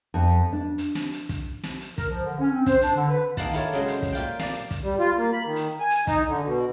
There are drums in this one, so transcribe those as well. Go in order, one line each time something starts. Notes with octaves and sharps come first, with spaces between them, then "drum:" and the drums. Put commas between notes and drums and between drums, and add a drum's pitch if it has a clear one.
F2
D4
drum: hi-hat
drum: snare
drum: hi-hat
drum: kick, hi-hat
drum: snare
drum: hi-hat
A#4, drum: kick, hi-hat
F3
D3
C#4
C4
C5, drum: kick, hi-hat
D4, drum: hi-hat
D3
B4
D#3 A#3 D4 F#5 A5, drum: kick, hi-hat
E4 F4 A4 C#5, drum: hi-hat
C#3 F#3 G#3
C5, drum: hi-hat
drum: kick, hi-hat
A#2 F4 G5
D5 F5, drum: snare
drum: hi-hat
drum: kick, hi-hat
G3
F4
A#3
B5
D#3
drum: hi-hat
G#5
drum: hi-hat
D#4, drum: kick, hi-hat
D3
B2